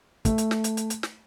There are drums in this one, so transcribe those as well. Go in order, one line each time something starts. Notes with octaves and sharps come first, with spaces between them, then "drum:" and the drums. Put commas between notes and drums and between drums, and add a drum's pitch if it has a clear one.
A3, drum: kick, hi-hat
drum: hi-hat
drum: snare
drum: hi-hat
drum: hi-hat
drum: hi-hat
drum: snare